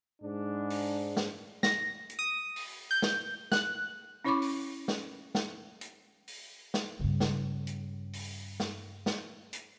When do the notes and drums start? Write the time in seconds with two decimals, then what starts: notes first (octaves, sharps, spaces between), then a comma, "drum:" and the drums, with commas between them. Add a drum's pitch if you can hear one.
0.21 G#2 D4
0.70 drum: open hi-hat
1.17 drum: snare
1.63 A#6, drum: snare
2.10 drum: hi-hat
2.19 D#6
2.56 drum: open hi-hat
2.91 G6
3.02 drum: snare
3.52 F#6, drum: snare
4.25 C#4 E4 C#5 B5 C#6 D6
4.42 drum: open hi-hat
4.88 drum: snare
5.35 drum: snare
5.81 drum: hi-hat
6.28 drum: open hi-hat
6.74 drum: snare
7.00 G2 C#3
7.20 drum: snare
7.67 drum: hi-hat
8.13 drum: open hi-hat
8.60 drum: snare
9.06 drum: snare
9.53 drum: hi-hat